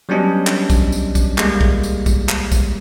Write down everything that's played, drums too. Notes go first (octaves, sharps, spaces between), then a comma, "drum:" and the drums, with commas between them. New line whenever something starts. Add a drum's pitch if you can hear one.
F#3 G3 B3 C#4 D4 D#5
drum: clap
drum: kick A#1, tambourine
drum: tambourine
drum: kick A#1, tambourine
G3 G#3 A#3, drum: clap
drum: kick A#1
drum: tambourine
drum: kick A#1, tambourine
drum: clap
drum: kick A#1, tambourine